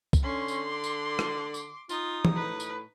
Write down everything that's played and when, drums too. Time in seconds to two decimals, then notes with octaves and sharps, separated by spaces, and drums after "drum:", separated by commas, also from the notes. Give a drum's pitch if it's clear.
0.13 drum: kick, tambourine
0.24 D3 C#4 C6 C#6
0.48 drum: tambourine
0.72 D6
0.84 drum: tambourine
1.19 drum: rim click
1.54 drum: tambourine
1.89 D#4 F4 D#6, drum: tambourine
2.25 drum: tom
2.36 A2 B4
2.60 drum: tambourine